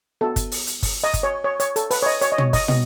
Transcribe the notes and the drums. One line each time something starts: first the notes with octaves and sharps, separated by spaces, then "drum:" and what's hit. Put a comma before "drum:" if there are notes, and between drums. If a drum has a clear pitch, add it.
B3 F#4 A4
drum: kick, hi-hat
drum: open hi-hat
drum: hi-hat
drum: kick, open hi-hat
D#5
drum: kick, hi-hat
C#5
C#5
C#5, drum: hi-hat
A4, drum: hi-hat
B4, drum: open hi-hat
C#5
D#5
C#5, drum: hi-hat
D#5
C#5, drum: tom
D#5, drum: kick, open hi-hat
B3 D#5, drum: tom